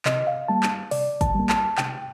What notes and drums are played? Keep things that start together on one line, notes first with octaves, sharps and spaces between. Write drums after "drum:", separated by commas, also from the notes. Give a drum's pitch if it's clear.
C3 D#5, drum: clap
F5
G3 A#3 A5
drum: clap
C3 D5, drum: open hi-hat
A5, drum: kick, hi-hat
G3 A#3
A5, drum: clap
C3 G5, drum: clap